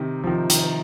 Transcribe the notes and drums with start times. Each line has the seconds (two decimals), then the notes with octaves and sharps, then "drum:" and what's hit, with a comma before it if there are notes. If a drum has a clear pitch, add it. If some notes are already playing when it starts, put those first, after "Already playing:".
Already playing: C3 D#3
0.24 F3
0.27 D#3
0.50 D#3, drum: hi-hat